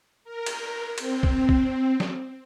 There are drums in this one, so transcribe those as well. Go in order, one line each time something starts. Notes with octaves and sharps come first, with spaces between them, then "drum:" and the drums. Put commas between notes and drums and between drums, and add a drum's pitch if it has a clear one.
A#4
drum: cymbal
C4, drum: cymbal
drum: kick
drum: kick
drum: snare